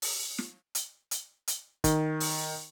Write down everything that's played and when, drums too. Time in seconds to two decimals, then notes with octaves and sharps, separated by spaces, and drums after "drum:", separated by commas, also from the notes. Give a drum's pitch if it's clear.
0.02 drum: open hi-hat
0.38 drum: snare
0.75 drum: hi-hat
1.11 drum: hi-hat
1.48 drum: hi-hat
1.84 D#3, drum: kick, hi-hat
2.20 drum: open hi-hat